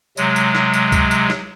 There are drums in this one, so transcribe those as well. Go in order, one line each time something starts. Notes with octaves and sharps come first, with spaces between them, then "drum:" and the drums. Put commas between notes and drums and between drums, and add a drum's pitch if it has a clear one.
C3 F#3 G#3, drum: tambourine
drum: tambourine
drum: snare
drum: tambourine
drum: kick C#2, tambourine
drum: tambourine
drum: snare